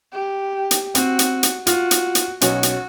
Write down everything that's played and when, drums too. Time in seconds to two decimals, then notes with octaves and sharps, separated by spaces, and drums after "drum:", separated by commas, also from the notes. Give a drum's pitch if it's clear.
0.13 G4
0.71 drum: hi-hat
0.95 C4 F#4, drum: hi-hat
1.19 drum: hi-hat
1.43 drum: hi-hat
1.67 F4 F#4, drum: hi-hat
1.91 drum: hi-hat
2.15 drum: hi-hat
2.41 B1 C#4 F#4, drum: hi-hat
2.63 drum: hi-hat